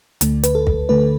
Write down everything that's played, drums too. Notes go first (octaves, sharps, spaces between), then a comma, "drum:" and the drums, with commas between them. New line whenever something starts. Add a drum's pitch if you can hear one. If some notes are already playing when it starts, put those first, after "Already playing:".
D2 D3 A3, drum: hi-hat
B4, drum: hi-hat
A4
drum: kick
D3 A3 B4